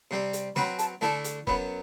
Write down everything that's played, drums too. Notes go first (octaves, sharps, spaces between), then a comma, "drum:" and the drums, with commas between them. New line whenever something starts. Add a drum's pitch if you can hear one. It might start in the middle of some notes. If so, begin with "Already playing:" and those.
C3 G3 C4
drum: hi-hat
F#3 C4 F#4 B4 B5, drum: snare
A5, drum: hi-hat
D3 A3 E4 A4 A5
drum: hi-hat
F#2 F#3 B3 B5, drum: kick E1